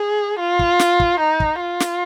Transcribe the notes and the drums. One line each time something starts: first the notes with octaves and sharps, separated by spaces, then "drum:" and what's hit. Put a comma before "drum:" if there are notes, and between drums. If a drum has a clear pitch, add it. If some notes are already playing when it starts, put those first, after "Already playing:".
Already playing: G#4
F4
drum: kick
drum: snare
drum: kick
D#4
drum: kick
F4
drum: snare